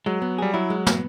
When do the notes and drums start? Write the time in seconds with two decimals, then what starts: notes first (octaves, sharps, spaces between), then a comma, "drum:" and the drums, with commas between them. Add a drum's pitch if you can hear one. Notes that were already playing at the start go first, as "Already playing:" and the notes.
0.06 F#3 G#3
0.22 B3
0.38 G3 G#4
0.54 F#3 E4
0.70 G#3
0.86 B3, drum: snare